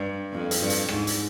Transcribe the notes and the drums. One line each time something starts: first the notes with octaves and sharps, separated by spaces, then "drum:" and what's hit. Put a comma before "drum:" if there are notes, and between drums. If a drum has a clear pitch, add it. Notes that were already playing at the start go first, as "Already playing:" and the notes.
Already playing: G2
F2
drum: hi-hat
G2
drum: hi-hat
G#2, drum: rim click
drum: hi-hat